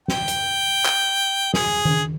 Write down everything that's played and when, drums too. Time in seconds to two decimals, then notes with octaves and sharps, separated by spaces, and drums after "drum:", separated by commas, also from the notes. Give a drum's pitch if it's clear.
0.08 G5, drum: snare
0.28 drum: hi-hat
0.85 drum: clap
1.54 G#4, drum: snare
1.85 drum: tom D#3